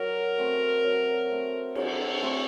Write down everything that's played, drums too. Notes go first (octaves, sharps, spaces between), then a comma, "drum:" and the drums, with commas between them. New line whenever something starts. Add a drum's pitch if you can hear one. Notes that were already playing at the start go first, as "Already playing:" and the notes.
Already playing: F#3 A#4
A3 C4
F#3
A3 C4
F#3 A4, drum: cymbal
A3 C4